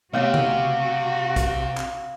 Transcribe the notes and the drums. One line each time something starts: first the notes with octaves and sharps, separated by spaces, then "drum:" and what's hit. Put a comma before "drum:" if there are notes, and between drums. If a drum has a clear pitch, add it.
C3 A3 B3 F#4 G4 C#5 F5 G5
drum: tom C#3
drum: kick A#1, hi-hat
drum: clap